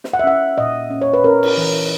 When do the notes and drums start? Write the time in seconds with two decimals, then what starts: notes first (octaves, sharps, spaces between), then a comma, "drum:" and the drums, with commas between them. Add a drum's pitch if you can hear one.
0.04 drum: snare
0.13 F#5
0.19 E5
0.24 C#4 F#5
0.58 A#2 D#5
0.90 C#4
1.02 C#5
1.14 B4
1.24 C#4 A#4
1.43 drum: cymbal
1.58 E3